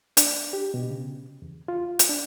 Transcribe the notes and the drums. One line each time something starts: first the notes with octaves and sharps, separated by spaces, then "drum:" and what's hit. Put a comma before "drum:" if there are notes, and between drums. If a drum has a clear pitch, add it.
D4, drum: hi-hat
G4
B2
C#3
E2
F4
drum: hi-hat
D4